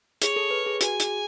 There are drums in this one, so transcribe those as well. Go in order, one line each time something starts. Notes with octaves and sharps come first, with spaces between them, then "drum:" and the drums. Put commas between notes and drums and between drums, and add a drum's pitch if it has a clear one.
G#4 C#5, drum: hi-hat
A4
B4
G#4
F#4 G#5, drum: hi-hat
G#4, drum: hi-hat